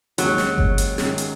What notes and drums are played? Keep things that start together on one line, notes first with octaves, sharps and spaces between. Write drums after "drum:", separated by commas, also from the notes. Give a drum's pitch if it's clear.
D#2 C#3 F#3 G#3, drum: hi-hat
drum: snare
drum: kick G1
drum: hi-hat
F#2 D#3 G#3, drum: snare
drum: hi-hat